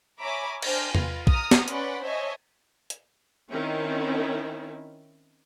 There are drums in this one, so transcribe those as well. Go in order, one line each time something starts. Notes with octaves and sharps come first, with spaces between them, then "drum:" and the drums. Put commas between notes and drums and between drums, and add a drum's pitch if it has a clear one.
C#5 E5 G#5 A#5 B5 D6
D4 C5 G5 G#5 F6, drum: cymbal
F4 B4 F5, drum: tom E2
A#5 D#6 F6, drum: kick
drum: snare
C#4 B4 D5 F#5 B5 C6, drum: hi-hat
C5 C#5 D#5 E5 G#5 A5
drum: hi-hat
D#3 C4 C#4 E4